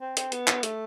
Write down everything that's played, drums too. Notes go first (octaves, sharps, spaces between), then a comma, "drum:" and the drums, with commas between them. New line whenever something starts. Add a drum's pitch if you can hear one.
C4
C4, drum: hi-hat
B3, drum: hi-hat
drum: clap
A3, drum: hi-hat